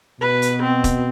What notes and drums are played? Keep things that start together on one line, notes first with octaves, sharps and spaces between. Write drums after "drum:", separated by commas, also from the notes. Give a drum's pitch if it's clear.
B2 B4
drum: hi-hat
C4
drum: kick, hi-hat